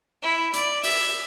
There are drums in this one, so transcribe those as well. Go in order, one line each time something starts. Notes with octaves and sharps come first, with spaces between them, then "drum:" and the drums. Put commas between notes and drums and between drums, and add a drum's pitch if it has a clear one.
E4
D5, drum: hi-hat
E5, drum: open hi-hat